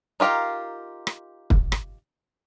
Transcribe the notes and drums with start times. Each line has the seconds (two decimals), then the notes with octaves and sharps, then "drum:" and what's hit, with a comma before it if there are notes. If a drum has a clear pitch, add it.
0.20 D#4 F4 G4 A#4 F5
1.07 drum: rim click
1.50 drum: kick
1.72 drum: rim click